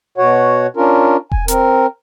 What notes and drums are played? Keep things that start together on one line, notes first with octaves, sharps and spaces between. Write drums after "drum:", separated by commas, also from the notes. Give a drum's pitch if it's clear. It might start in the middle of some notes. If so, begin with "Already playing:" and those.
B2 F#4 C#5 F#5
C#4 D4 F4 A#4
G#5, drum: kick E1
C4 A#4, drum: hi-hat